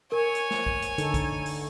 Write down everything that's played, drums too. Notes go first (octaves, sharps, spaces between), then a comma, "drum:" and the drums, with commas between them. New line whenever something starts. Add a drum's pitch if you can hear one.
A#4 C#5 G#5
drum: hi-hat
drum: snare
drum: kick A#1
drum: hi-hat
D3 D#4 A4, drum: hi-hat
drum: kick A#1, hi-hat
drum: open hi-hat